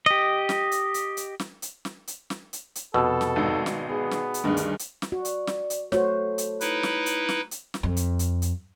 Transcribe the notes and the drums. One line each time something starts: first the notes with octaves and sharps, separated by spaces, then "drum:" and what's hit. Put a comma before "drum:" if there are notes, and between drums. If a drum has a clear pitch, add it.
G4 D#5
drum: snare
drum: hi-hat
drum: hi-hat
drum: hi-hat
drum: snare
drum: hi-hat
drum: snare
drum: hi-hat
drum: snare
drum: hi-hat
drum: hi-hat
F1 B2 A4 A5 E6
drum: snare
G#1 D#4
drum: snare
B3 G#4
drum: snare
drum: hi-hat
D2 G2 D#3 G#4
drum: hi-hat
drum: hi-hat
drum: snare
F#4 D5
drum: hi-hat
drum: snare
drum: hi-hat
A3 F#4 A4 C5 C#5, drum: snare
drum: hi-hat
D#4 E4 B4, drum: hi-hat
drum: snare
drum: hi-hat
drum: snare
drum: hi-hat
drum: snare
F2
drum: hi-hat
drum: hi-hat
drum: hi-hat